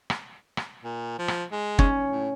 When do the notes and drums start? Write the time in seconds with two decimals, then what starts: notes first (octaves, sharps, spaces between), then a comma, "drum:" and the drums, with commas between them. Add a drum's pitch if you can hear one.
0.10 drum: rim click
0.57 drum: rim click
0.84 A#2
1.19 F3
1.28 drum: rim click
1.52 G#3
1.79 C#4, drum: kick
2.11 A2